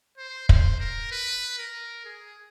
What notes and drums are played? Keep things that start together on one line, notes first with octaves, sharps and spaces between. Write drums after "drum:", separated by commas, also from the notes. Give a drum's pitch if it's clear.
C5
C5, drum: kick
A#4
B4
A#4
G#4